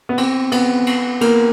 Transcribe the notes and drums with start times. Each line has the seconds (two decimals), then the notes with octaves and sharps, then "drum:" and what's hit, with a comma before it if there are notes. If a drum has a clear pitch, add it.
0.09 B3
0.18 C4, drum: cymbal
0.52 B3, drum: cymbal
0.87 drum: cymbal
1.21 A#3, drum: cymbal